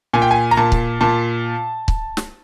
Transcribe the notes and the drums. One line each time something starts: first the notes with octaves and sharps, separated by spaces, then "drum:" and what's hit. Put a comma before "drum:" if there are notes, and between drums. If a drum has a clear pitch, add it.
A#2 G#5
G5
G#5
A#5
A#2 A5
drum: kick C#1
A#2 A5
drum: kick C#1
drum: snare